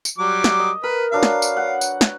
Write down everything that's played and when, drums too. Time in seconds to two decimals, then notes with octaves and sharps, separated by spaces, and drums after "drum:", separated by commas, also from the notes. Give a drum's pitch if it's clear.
0.05 drum: tambourine
0.18 F#3 G3 D6
0.44 drum: snare
0.60 D#5
0.83 A#4 B4
1.12 F#3 D4 B4 F5
1.23 drum: snare
1.42 drum: tambourine
1.57 C#5 F#5
1.81 drum: tambourine
2.01 drum: snare